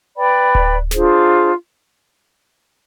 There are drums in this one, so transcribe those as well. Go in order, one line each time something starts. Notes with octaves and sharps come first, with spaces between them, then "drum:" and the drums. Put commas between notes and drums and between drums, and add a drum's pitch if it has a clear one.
B4 D5 G5 B5
drum: kick D1
D4 F4 G#4 C5, drum: snare